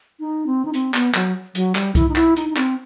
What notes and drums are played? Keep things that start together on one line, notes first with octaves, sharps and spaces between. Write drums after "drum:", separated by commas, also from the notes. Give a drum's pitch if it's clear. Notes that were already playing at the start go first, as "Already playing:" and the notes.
D#4
C4
D#4
C4, drum: hi-hat
B3, drum: clap
F#3, drum: clap
F#3, drum: hi-hat
G3, drum: clap
E4, drum: kick C2, hi-hat
D#4
E4, drum: clap
D#4, drum: hi-hat
D#4
C4, drum: clap